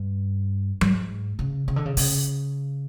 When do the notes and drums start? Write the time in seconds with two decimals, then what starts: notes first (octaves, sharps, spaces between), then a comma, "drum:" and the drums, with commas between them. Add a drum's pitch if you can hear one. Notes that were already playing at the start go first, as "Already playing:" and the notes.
Already playing: G2
0.81 G#2, drum: tom F#3
1.39 C#3
1.68 C#3
1.76 D3
1.85 C#3
1.97 C#3, drum: open hi-hat